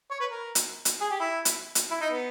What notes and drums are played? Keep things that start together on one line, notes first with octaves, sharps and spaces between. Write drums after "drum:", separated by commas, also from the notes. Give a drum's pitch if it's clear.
C#5
B4
A#4
drum: hi-hat
drum: hi-hat
G#4
G4
E4
drum: hi-hat
drum: hi-hat
E4
D#4
B3